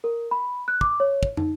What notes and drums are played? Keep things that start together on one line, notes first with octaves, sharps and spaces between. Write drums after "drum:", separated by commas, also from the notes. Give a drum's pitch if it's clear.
A#4
B5
F#6
D6, drum: kick
C#5
drum: kick
D#4, drum: tom